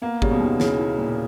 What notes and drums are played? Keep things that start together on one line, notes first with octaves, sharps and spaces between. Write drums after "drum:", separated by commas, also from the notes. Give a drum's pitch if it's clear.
A#3 B3
C#3 G3, drum: kick G#1
B2
D#2
C#3 E4, drum: snare
E4
A#2